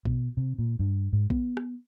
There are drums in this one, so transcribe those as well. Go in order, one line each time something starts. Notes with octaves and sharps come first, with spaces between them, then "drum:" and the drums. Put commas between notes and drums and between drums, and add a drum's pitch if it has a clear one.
B2, drum: kick
C3
A#2
G2
G#2
B3, drum: kick
drum: rim click